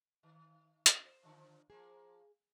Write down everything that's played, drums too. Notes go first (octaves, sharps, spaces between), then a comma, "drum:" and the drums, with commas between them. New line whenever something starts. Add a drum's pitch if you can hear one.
D#3
drum: hi-hat
C5
A#2 D3 F3
F3 A#3 G#4